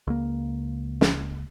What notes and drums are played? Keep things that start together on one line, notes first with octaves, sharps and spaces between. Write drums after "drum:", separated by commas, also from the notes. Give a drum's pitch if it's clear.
C#2 A#3
drum: snare